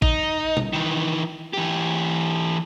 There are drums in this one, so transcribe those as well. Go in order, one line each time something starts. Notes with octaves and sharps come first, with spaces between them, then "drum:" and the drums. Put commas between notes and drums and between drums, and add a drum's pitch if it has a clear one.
D#4, drum: kick A1
drum: tom
D#3 E3
E3 G4